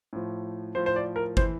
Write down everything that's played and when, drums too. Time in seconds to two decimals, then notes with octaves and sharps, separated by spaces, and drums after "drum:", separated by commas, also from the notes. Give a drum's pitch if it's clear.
0.13 A2 F3
0.75 A2 F3 C5
0.86 C5
0.96 D5
1.16 A#4
1.37 E3 C5, drum: kick